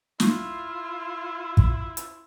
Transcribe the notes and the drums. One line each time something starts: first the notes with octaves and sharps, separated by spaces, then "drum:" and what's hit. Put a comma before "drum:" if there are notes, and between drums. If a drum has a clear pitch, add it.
E4 F4, drum: snare
drum: kick
drum: hi-hat